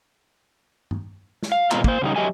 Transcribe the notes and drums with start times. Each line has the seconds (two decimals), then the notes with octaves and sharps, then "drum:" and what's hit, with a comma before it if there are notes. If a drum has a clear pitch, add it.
0.91 drum: tom G2
1.42 drum: snare
1.52 F5
1.71 G#2 B2 C4 F4 A#5, drum: clap
1.84 A#3 C5, drum: kick
2.02 C#3 G3 D#4
2.16 F#2 F#3 G4 D#5 E5 G#5